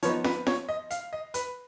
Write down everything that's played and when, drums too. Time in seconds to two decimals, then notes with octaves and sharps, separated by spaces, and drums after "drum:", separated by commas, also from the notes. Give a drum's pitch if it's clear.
0.03 F3 B3 D#4 C#5, drum: hi-hat
0.24 B4, drum: snare
0.47 C#5, drum: snare
0.69 D#5
0.91 F5, drum: hi-hat
1.13 D#5
1.34 B4, drum: hi-hat